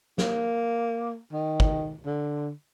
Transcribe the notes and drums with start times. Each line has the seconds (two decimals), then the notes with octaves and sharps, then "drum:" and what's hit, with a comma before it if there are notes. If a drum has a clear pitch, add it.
0.18 A#3, drum: snare
1.32 D#3
1.60 drum: kick
2.06 D3